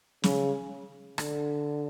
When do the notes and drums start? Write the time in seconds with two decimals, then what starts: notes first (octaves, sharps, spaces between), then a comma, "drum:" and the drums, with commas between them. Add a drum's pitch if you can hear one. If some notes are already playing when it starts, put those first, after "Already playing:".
0.24 C#3, drum: snare
1.18 D3, drum: rim click